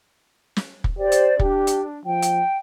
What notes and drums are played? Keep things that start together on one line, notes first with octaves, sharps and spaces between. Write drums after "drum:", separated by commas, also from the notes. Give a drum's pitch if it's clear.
drum: snare
drum: kick
G4 C5 D5
drum: hi-hat
D4 G4, drum: kick
drum: hi-hat
F3 G5
drum: hi-hat